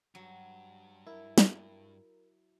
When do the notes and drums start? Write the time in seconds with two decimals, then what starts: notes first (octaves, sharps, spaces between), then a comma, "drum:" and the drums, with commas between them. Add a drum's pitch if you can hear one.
0.15 G2 F#3
1.07 E4 A#4
1.38 drum: snare